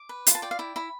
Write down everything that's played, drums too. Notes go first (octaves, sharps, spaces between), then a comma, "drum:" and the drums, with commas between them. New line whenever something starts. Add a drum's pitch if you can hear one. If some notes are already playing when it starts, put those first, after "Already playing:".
Already playing: D6
B4
F4 C6, drum: hi-hat
A5
D5 G5
F5
E4 G5
E4 B5